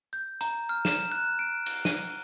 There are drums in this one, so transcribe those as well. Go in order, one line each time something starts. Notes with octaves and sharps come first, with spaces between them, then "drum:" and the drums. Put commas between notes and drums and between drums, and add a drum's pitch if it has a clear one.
G6
A#5, drum: hi-hat
F6
E7, drum: snare
F#6
D7
drum: cymbal
D#7, drum: snare